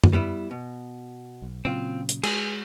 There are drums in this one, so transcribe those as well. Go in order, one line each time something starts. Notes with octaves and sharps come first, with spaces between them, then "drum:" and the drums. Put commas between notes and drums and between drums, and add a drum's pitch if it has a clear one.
drum: tom F#2
G3 B3 E4
B2
B1
A#2 C#3 F#3 C4 F4
drum: hi-hat
G#3 G#4, drum: cymbal